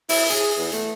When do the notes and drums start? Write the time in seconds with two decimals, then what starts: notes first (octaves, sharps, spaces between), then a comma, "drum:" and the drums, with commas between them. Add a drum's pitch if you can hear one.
0.09 E4, drum: open hi-hat
0.30 G#4, drum: hi-hat
0.58 E2
0.72 A3, drum: hi-hat